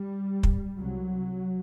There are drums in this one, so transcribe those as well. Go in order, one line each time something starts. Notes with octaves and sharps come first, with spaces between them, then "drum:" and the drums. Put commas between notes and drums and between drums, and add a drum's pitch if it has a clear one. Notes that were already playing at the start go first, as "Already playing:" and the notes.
Already playing: G3
drum: kick
C2 C3 F#3